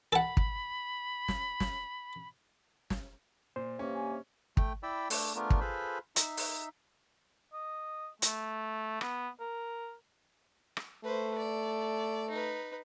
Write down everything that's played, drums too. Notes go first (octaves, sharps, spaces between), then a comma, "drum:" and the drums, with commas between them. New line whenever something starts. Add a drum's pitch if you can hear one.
A4 F#5 B5
drum: kick
drum: snare
drum: snare
drum: snare
A#2 C5
G2 C3 A#3 C#4
G#5
A3 G5, drum: kick
E4 D5 G5 B5 E6
A3 D4 E6, drum: open hi-hat
A3 B3 D4 F4 A#4
drum: kick
F4 G#4 A4 B4 C5 B5
D#4 E5, drum: hi-hat
drum: open hi-hat
D#5
A3, drum: hi-hat
B3, drum: rim click
A#4
drum: rim click
A3 B4 C5
D5
D#4 B4